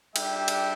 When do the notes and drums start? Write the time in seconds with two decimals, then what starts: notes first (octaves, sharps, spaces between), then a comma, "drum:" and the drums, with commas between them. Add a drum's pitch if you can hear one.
0.16 G3 D4 G4 E5 G5, drum: cymbal
0.48 drum: cymbal